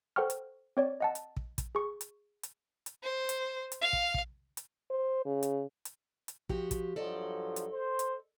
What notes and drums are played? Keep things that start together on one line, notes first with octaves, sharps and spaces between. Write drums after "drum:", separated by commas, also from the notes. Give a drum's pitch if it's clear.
A4 C5 F#5 G5 C#6 F6
drum: hi-hat
C4 C#5 D5
D#5 F#5 A5
drum: hi-hat
drum: kick
drum: kick, hi-hat
G#4 C#6
drum: hi-hat
drum: hi-hat
drum: hi-hat
C5
drum: hi-hat
drum: hi-hat
F5
drum: kick
drum: kick
drum: hi-hat
C5
C#3
drum: hi-hat
drum: hi-hat
drum: hi-hat
F3 F#4 G4, drum: kick
drum: kick, hi-hat
G2 F3 F#3 A4 D5 D#5
drum: hi-hat
C5
drum: hi-hat